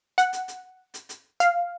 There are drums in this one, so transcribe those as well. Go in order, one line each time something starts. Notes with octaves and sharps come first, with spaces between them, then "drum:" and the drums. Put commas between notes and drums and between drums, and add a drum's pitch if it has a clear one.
F#5, drum: hi-hat
drum: hi-hat
drum: hi-hat
drum: hi-hat
drum: hi-hat
F5, drum: hi-hat